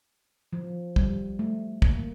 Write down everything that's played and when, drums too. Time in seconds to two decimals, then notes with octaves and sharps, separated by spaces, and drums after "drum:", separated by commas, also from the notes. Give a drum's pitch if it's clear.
0.53 F3
0.96 G3, drum: kick
1.39 A3
1.82 A#3, drum: kick